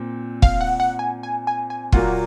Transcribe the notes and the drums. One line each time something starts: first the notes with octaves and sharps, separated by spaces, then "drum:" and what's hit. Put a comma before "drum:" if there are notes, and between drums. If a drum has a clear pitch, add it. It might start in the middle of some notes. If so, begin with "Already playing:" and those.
Already playing: A#2 C4
F5, drum: kick
F#5
F#5
G#5
G#5
G#5
G#5
A#2 F#3 A#3 F4 F#5, drum: kick